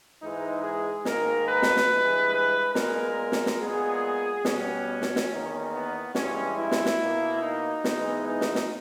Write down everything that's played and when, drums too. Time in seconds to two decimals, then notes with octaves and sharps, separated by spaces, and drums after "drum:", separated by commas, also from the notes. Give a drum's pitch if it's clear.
0.21 G#2 E3 G#3 D#4
0.64 G#4
1.05 G#2 D#3 A#3 A#4, drum: snare
1.48 B4
1.62 drum: snare
1.77 drum: snare
1.90 G2 E3 G#3
2.34 B4
2.75 A#2 G#3 B3 A#4, drum: snare
3.32 drum: snare
3.46 drum: snare
3.60 A#2 G#3 B3 G#4
4.45 B2 G3 B3 C#4, drum: snare
5.02 drum: snare
5.16 drum: snare
5.29 E2 D#3 A#3
5.73 B3
6.15 G2 E3 G#3 C#4, drum: snare
6.58 E4
6.71 drum: snare
6.86 drum: snare
7.00 B2 A#3
7.41 D#4
7.84 G#2 E3 G#3 B3, drum: snare
8.27 D#4
8.41 drum: snare
8.55 drum: snare